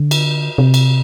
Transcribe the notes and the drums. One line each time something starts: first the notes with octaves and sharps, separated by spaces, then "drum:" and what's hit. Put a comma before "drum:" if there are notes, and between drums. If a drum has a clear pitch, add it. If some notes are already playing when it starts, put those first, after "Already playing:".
Already playing: D3
drum: cymbal
C3
drum: cymbal